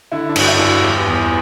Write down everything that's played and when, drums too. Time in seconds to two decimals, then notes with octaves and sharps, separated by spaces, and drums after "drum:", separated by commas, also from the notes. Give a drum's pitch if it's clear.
0.12 D3 E4
0.29 D4
0.36 G2 F#4, drum: cymbal
0.48 E4
0.59 G2 E4
0.66 F#4
0.83 E2 G4
1.07 E2